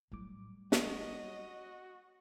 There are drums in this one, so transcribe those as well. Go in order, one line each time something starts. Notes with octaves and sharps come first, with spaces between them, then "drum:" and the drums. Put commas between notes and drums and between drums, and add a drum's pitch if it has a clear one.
A2 F#3 G3 D6
F#4 C#5 D#5, drum: snare